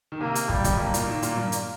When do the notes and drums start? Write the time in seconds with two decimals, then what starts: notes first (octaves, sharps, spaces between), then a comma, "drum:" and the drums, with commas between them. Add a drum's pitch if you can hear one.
0.12 D#3
0.20 C3 A#3
0.35 drum: hi-hat
0.49 A#2 G3, drum: kick
0.60 G2
0.64 F2, drum: kick, hi-hat
0.79 G2 A#3
0.94 A#2, drum: hi-hat
1.08 D#3
1.22 A#2, drum: hi-hat
1.37 G2
1.52 drum: hi-hat